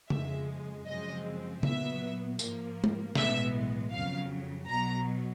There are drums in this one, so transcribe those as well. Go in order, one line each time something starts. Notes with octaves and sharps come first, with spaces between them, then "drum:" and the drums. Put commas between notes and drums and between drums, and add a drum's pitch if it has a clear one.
F2 C#3 F3 G#3 E5, drum: tom C#3
F#2 C#3 F3 G#3 C4 D#5
A#2 F#3 B3 E5, drum: tom C#3
G#2 F3 A#3, drum: tambourine
drum: tom G#3
B1 A2 E3 G#3 B3 E5, drum: snare
F2 C#3 F#3 F5
B1 B2 F#3 A#5